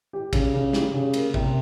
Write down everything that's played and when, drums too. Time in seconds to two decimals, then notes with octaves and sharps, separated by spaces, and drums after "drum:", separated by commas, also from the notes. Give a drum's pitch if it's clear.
0.13 G4
0.33 C#3, drum: kick, cymbal
0.53 C#3
0.73 G4, drum: snare
0.94 C#3
1.13 A#3, drum: cymbal
1.34 C3, drum: kick